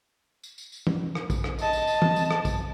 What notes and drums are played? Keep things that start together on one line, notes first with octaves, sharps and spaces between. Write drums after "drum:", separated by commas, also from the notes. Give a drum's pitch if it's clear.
drum: tambourine
drum: tambourine
drum: tambourine
drum: tom
drum: rim click
drum: kick, tambourine
drum: rim click
D#5 A5, drum: tambourine
drum: tambourine
drum: tambourine
drum: tom
drum: tambourine
drum: rim click
drum: kick, tambourine